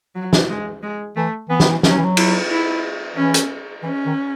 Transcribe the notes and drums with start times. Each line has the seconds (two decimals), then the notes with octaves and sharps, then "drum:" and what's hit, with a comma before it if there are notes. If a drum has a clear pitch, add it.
0.15 F#3
0.33 drum: snare
0.49 G#3
0.83 G#3
1.16 E3 A3
1.49 E3 B3
1.60 D#3, drum: snare
1.71 E3
1.83 C#4, drum: snare
1.90 F#3
1.97 E3
2.04 F#3
2.17 E4, drum: cymbal
2.50 E4
3.16 E3 C#4
3.34 drum: hi-hat
3.83 E3 C#4
4.06 D#3